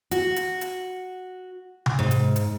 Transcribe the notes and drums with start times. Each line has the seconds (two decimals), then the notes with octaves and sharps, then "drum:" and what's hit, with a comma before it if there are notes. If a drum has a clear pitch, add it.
0.11 F#4, drum: hi-hat
0.36 drum: hi-hat
0.61 drum: hi-hat
1.86 drum: tom C3
1.99 G#2
2.11 drum: hi-hat
2.36 drum: hi-hat